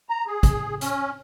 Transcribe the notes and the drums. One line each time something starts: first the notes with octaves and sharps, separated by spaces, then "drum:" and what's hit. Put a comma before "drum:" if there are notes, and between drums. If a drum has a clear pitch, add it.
A#5
G#4
drum: kick, hi-hat
C#4, drum: hi-hat